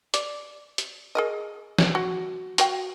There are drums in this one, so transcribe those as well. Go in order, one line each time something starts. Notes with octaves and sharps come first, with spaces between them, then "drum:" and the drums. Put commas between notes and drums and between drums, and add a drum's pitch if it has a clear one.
D5, drum: hi-hat
drum: hi-hat
G#4 A#4 D#5
drum: snare
F#4
F#4 F5 G5, drum: hi-hat